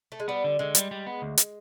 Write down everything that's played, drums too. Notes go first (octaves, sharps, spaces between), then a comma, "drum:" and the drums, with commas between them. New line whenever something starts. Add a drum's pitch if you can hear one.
A3
G#3
G3 B3
D3
D3 G#3
G3, drum: hi-hat
G3
B3
D2
drum: hi-hat